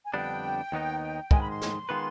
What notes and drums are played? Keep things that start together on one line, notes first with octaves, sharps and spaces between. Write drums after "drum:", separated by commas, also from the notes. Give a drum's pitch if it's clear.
G#5
F2 D3 G3 B3 D4 G5
D#2 D#3 B3 D#4
G#2 D#3 G#3 G#5, drum: kick
B5
C6
drum: snare
D#3 G#3 B3 F4 B4